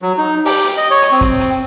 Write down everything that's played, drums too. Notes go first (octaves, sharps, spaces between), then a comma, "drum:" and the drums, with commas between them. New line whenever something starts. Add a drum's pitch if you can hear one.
F#3
D#4
G4, drum: open hi-hat
drum: hi-hat
D#5
C#5
drum: hi-hat
C4
drum: kick, hi-hat
drum: hi-hat